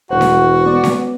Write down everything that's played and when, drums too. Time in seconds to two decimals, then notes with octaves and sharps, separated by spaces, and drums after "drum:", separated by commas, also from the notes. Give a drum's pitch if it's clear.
0.11 E1 F#4 C5 F#5
0.21 drum: snare C#4
0.65 B3 D5
0.84 drum: snare C#4